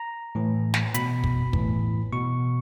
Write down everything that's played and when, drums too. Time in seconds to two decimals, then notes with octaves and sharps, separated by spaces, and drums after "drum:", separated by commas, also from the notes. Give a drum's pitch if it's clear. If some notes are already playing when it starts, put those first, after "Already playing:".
Already playing: A#5
0.35 A2 E3
0.74 drum: snare
0.94 B2 B5, drum: hi-hat
1.24 drum: kick
1.53 A2 E3, drum: kick
2.13 B2 C#6